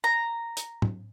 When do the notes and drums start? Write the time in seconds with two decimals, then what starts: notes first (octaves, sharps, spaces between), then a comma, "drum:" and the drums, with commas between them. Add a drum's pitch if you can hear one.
0.04 A#5
0.57 drum: hi-hat
0.82 drum: tom A2